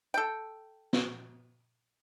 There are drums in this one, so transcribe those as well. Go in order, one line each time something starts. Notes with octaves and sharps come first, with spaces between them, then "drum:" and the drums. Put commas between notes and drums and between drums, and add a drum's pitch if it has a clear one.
A4 G5
drum: snare